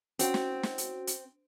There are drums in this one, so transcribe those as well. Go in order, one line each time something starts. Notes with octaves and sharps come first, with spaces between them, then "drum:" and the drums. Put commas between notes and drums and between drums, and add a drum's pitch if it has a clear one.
C4 C#4 F#4, drum: hi-hat
drum: snare
drum: snare
drum: hi-hat
drum: hi-hat